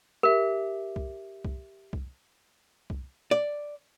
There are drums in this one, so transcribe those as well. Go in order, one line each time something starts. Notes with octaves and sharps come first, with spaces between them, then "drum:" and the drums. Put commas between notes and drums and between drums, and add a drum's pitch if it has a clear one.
G4 A#4 E5
drum: kick C2
drum: kick C2
drum: kick C2
drum: kick C2
D5